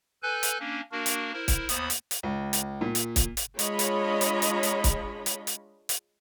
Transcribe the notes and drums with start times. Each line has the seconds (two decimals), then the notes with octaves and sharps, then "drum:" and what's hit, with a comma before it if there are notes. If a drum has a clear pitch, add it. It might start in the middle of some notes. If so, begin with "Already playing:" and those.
0.23 A4 B4 G#5 F#6 G6
0.43 drum: hi-hat
0.59 A#3 C#4 D4
0.92 A#3 D4 F#4 A#4
1.06 drum: hi-hat
1.33 E4 A#4 C5
1.48 drum: kick, hi-hat
1.69 D#2 B3 C5 B5 D#6, drum: hi-hat
1.90 drum: hi-hat
2.11 drum: hi-hat
2.23 C#2
2.53 drum: hi-hat
2.81 A#2
2.95 drum: hi-hat
3.16 drum: kick, hi-hat
3.37 drum: hi-hat
3.59 G#3 D4 F4 C#5 D#5 B5, drum: hi-hat
3.79 drum: hi-hat
4.21 drum: hi-hat
4.42 drum: hi-hat
4.63 drum: hi-hat
4.84 drum: kick, hi-hat
5.26 drum: hi-hat
5.47 drum: hi-hat
5.89 drum: hi-hat